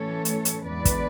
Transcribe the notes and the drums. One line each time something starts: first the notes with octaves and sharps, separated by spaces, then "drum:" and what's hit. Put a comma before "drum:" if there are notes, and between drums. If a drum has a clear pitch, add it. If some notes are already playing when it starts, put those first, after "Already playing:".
Already playing: A2 E3 A3 C#4 A4 C#5
drum: hi-hat
drum: hi-hat
E2 D3 G#3 B4 D5
drum: kick, hi-hat